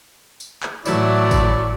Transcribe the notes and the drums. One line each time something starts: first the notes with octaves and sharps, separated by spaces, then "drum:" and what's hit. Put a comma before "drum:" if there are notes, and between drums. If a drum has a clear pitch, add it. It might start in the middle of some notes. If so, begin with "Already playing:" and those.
drum: tambourine
drum: clap
A2 E3 F#3 A3 E4 C#5 D5, drum: tambourine
drum: kick G#1, tambourine